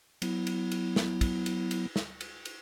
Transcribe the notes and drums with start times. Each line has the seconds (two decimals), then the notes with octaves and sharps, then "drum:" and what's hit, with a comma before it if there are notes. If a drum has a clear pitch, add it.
0.22 F#3 B3 E4, drum: cymbal
0.47 drum: cymbal
0.71 drum: cymbal
0.96 drum: snare
1.21 drum: kick, cymbal
1.46 drum: cymbal
1.71 drum: cymbal
1.96 drum: snare
2.21 drum: cymbal
2.45 drum: cymbal